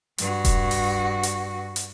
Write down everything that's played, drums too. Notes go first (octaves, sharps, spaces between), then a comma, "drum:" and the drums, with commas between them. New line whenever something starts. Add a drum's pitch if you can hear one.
G2 F#4, drum: hi-hat
drum: kick D#1, hi-hat
drum: open hi-hat
drum: hi-hat
drum: hi-hat